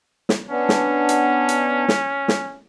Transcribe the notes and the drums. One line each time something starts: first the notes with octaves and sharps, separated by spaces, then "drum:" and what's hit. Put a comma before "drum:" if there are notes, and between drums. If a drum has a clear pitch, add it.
drum: snare
B3 C#4 D4
drum: snare
drum: hi-hat
drum: hi-hat
drum: snare
drum: snare